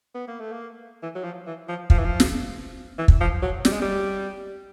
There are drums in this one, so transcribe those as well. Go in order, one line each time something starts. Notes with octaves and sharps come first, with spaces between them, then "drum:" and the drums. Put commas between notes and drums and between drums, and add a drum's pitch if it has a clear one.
B3
A#3
A3
A#3
E3
F#3
F3
E3
F3
F3, drum: kick
E3
F3
drum: snare
E3
drum: kick
F3
F#3
G3, drum: snare
G#3
G3